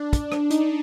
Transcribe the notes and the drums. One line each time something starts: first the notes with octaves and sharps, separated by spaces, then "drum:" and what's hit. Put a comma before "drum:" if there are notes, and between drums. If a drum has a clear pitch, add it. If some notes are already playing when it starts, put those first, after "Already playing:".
Already playing: D4
drum: kick, hi-hat
drum: rim click
D#4, drum: hi-hat